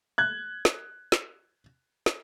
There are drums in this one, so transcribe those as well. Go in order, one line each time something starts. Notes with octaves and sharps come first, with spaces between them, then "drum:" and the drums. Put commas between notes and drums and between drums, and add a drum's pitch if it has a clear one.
F#6 G#6
drum: snare
drum: snare
drum: snare